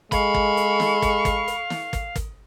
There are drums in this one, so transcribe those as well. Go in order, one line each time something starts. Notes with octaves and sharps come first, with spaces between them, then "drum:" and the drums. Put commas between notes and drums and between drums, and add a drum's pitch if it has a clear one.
G#3 A4 F5 B5 C#6, drum: kick, hi-hat
drum: kick
drum: hi-hat
drum: snare
drum: kick, hi-hat
drum: kick, hi-hat
drum: hi-hat
drum: snare
drum: kick, hi-hat
drum: kick, hi-hat